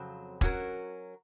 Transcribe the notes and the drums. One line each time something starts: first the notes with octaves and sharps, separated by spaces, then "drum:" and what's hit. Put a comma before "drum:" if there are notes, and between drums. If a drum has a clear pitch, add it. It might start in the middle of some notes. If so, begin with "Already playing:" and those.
Already playing: F2 C#3 F#3 C4
F#3 C#4 F#4 A#4, drum: kick E1